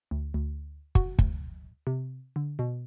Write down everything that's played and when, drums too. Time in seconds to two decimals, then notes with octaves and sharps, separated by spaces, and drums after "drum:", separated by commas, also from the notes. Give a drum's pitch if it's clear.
0.11 D2
0.34 D2
0.95 F#4, drum: kick
1.19 D2, drum: kick
1.87 C3
2.36 D3
2.59 B2